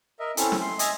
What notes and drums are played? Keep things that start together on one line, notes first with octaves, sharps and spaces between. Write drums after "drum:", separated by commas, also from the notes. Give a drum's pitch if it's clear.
A#4 D#5 E5
C4 C#4 E4 A4, drum: hi-hat
drum: snare
C6
D#5 E5 G#5 D#6, drum: hi-hat